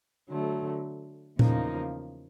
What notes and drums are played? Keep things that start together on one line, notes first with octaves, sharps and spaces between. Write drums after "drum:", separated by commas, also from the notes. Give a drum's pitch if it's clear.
D3 F#3 A3
E2 C#3 F3 A#3 D#4, drum: tom A#2